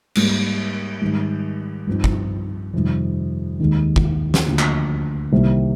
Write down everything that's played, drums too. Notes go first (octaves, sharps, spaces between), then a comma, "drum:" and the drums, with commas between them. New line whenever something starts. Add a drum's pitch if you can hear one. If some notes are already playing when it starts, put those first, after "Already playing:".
G#2 G3 A#3, drum: cymbal
G#2 D#3 G3
G2 F3 C4 D#4
drum: kick
F2 C3 D#3 G3
D#2 D#3 G#3
drum: kick
drum: snare
D2 D3 F3 A#3
drum: clap
C2 C3 D#3 G3 A#3